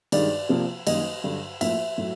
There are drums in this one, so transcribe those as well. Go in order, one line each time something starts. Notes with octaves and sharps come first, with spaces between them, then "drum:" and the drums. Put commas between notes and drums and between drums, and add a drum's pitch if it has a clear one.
G2 D#3 G#3 D5, drum: cymbal
C3 F3 A#3
F#2 D#3 G3 A#3 D#5, drum: cymbal
G2 D3 F#3
A2 F3 A#3 E5, drum: cymbal
A2 F#3 A3